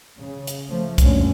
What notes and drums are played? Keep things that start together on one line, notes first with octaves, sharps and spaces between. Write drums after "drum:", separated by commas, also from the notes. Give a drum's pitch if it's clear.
C#3
drum: hi-hat
F3 A3
F1 D2 G2 A#2 D3 C#4, drum: kick, hi-hat